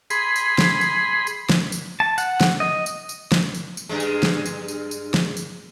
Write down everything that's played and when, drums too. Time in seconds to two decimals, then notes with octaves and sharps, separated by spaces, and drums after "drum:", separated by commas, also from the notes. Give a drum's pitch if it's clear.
0.10 G#4 B5 C6, drum: tambourine
0.36 drum: tambourine
0.58 drum: snare
0.81 drum: tambourine
1.27 drum: tambourine
1.49 drum: snare
1.72 drum: tambourine
2.00 A5
2.18 F#5, drum: tambourine
2.41 drum: snare
2.60 D#5
2.86 drum: tambourine
3.09 drum: tambourine
3.32 drum: snare
3.54 drum: tambourine
3.77 drum: tambourine
3.89 G2 G#3
4.00 drum: tambourine
4.23 drum: snare
4.46 drum: tambourine
4.68 drum: tambourine
4.91 drum: tambourine
5.14 drum: snare
5.37 drum: tambourine